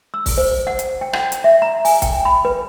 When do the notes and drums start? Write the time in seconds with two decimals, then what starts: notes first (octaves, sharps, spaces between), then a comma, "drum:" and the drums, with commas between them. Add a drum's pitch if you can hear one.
0.14 E6
0.26 drum: kick, open hi-hat
0.38 C5
0.67 F#5
0.79 drum: hi-hat
1.01 G5
1.13 F#5, drum: rim click
1.32 drum: hi-hat
1.44 E5
1.62 A#5
1.85 G#5, drum: open hi-hat
2.02 G5, drum: kick, hi-hat
2.25 B5
2.45 B4